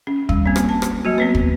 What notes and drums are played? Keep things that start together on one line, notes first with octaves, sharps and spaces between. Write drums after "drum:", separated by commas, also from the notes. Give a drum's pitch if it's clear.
C#4
G3, drum: kick
A#3 C4
drum: rim click
A5
drum: rim click
F#3 A#3 F#4
B3 C4 B4
drum: kick